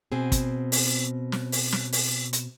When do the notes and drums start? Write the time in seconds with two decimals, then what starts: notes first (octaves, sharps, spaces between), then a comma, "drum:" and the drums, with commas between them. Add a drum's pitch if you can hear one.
0.12 B2 C4 G#4
0.32 drum: kick, hi-hat
0.72 drum: open hi-hat
1.32 drum: snare
1.52 drum: open hi-hat
1.72 drum: snare
1.93 drum: open hi-hat
2.33 drum: hi-hat